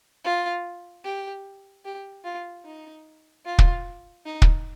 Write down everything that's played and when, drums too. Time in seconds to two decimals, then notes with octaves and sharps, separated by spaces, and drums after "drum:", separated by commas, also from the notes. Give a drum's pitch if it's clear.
0.24 F4
1.05 G4
1.85 G4
2.24 F4
2.65 D#4
3.45 F4
3.58 drum: kick
4.26 D#4
4.42 drum: kick